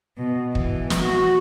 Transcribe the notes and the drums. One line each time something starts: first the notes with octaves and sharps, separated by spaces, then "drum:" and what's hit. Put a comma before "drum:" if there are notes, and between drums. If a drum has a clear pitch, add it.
B2
E3, drum: kick
drum: snare
F#4